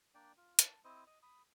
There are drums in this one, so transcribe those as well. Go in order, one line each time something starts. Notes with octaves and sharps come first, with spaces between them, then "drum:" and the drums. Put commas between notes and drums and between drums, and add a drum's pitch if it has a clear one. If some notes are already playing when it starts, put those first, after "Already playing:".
A#3 D4 D5 G5
F4
A5, drum: hi-hat
C4 E4 C5 D#5
D#5
B5 D#6